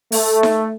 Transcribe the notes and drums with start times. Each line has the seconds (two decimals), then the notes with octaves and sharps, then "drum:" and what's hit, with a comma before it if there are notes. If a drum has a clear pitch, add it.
0.12 A3, drum: open hi-hat
0.43 drum: snare D#4